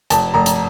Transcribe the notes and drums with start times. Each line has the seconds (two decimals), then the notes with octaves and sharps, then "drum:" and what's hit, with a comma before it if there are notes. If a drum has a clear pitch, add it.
0.10 F1 A5, drum: hi-hat
0.34 F1 A#5
0.46 drum: hi-hat